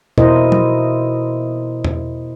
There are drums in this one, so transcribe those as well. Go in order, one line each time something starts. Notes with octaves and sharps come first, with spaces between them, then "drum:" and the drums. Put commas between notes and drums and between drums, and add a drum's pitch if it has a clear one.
B2 E4 A#4 C5 D#5, drum: tom E2
drum: tom
drum: tom E2